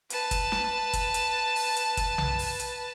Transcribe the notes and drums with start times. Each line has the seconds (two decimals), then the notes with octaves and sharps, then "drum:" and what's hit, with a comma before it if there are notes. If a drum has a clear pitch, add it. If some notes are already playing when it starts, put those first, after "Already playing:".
0.10 B4 A5, drum: hi-hat
0.31 drum: kick, hi-hat
0.52 drum: snare
0.93 drum: kick, hi-hat
1.14 drum: hi-hat
1.56 drum: open hi-hat
1.77 drum: hi-hat
1.97 drum: kick, hi-hat
2.18 drum: tom B1
2.39 drum: open hi-hat
2.60 drum: hi-hat